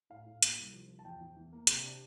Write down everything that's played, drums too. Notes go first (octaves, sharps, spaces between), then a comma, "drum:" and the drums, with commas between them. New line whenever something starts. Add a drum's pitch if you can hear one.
A2 F5
A2
A#3, drum: hi-hat
C2
F3
F3
A5
E2 G5
E2
E3
A#3
C3, drum: hi-hat
D4